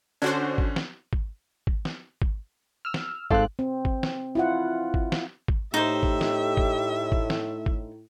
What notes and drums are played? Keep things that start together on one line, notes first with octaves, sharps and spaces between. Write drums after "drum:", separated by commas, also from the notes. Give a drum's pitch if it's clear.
D3 C#4 D4 F#4 C5 G#6
drum: kick G#1
drum: snare
drum: kick G#1
drum: kick G#1
drum: snare
drum: kick G#1
E6 F6
drum: snare
G#2 C4 G4 A4 F5 F#6, drum: kick G#1
C4
drum: kick G#1
drum: snare
E4 F4 F#5
drum: kick G#1
drum: snare
drum: kick G#1
A2 D#4 G4 C5 E5
drum: kick G#1
drum: snare
drum: kick G#1
drum: kick G#1
drum: snare
drum: kick G#1